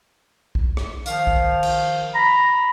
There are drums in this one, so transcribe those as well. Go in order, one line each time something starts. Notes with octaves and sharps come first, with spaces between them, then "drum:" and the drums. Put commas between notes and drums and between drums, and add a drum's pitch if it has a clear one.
drum: kick B1
drum: rim click
D#3 F3 F5, drum: hi-hat
drum: kick B1
drum: cymbal
A#5 B5